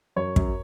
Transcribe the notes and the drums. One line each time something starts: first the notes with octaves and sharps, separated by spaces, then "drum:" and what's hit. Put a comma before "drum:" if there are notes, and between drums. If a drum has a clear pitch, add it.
F#2 C#5
F#2, drum: kick